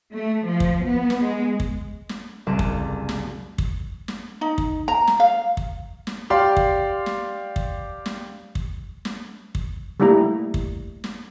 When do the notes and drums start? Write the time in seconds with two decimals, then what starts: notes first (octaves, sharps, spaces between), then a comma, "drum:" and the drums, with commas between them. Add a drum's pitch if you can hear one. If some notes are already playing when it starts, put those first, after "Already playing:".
0.14 A3
0.47 F3
0.60 drum: kick
0.85 B3
1.10 drum: snare
1.21 G#3
1.60 drum: kick
2.09 drum: snare
2.47 F#1 C2 A5 D6
2.59 drum: kick
3.09 drum: snare
3.58 drum: kick
4.08 drum: snare
4.41 D#4
4.58 drum: kick
4.88 A#5
5.07 drum: snare
5.20 F5
5.57 drum: kick
6.07 drum: snare
6.30 G4 D5 F5 C6
6.57 drum: kick
7.06 drum: snare
7.56 drum: kick
8.06 drum: snare
8.55 drum: kick
9.05 drum: snare
9.55 drum: kick
10.00 G3 A3 A#3 E4 A#5
10.54 drum: kick
11.04 drum: snare